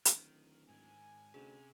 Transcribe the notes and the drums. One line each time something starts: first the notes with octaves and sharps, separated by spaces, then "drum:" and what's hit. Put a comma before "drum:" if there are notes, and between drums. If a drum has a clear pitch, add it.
D1 D#3, drum: hi-hat
G#2 D#3 G#5
D2 C3 C#4 G#4